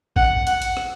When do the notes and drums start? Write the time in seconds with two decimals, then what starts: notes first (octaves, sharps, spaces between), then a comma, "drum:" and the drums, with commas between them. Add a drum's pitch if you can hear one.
0.16 F#5, drum: kick
0.47 F#5, drum: hi-hat
0.62 drum: hi-hat
0.77 drum: rim click